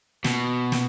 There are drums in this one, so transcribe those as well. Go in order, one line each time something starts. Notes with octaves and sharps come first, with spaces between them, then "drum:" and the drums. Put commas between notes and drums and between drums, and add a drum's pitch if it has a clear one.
B2, drum: snare
drum: snare